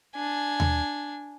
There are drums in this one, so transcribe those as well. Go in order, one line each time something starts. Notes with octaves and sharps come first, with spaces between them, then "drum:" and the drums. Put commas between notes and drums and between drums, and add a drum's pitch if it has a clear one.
D4 G#5
drum: tom D#2